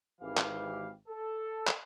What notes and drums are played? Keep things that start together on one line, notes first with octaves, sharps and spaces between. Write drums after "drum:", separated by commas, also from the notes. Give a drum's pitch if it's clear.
G#1 E3 G4 F5
drum: clap
A4
drum: clap